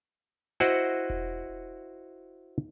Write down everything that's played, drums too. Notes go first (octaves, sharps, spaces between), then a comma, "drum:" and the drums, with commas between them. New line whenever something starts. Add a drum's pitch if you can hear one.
E4 F#4 C5 D#5 F#5, drum: snare
drum: kick E1